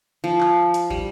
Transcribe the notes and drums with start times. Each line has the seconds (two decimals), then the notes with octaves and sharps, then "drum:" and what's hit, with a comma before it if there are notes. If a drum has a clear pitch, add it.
0.24 F3
0.41 drum: clap
0.74 drum: hi-hat
0.90 G3, drum: kick